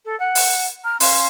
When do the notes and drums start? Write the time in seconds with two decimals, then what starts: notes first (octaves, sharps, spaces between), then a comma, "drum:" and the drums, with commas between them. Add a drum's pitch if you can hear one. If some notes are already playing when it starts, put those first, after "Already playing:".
0.04 A4
0.19 F#5
0.35 drum: open hi-hat
0.84 A#5 F6
1.00 C#4 F5 C6, drum: open hi-hat